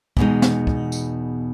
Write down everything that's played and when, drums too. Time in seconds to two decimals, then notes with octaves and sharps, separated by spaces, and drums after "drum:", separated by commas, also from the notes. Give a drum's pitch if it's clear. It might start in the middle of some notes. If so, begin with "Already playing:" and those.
0.17 E2 B2 G#3 D#4, drum: kick
0.42 drum: snare
0.67 drum: kick
0.92 drum: tambourine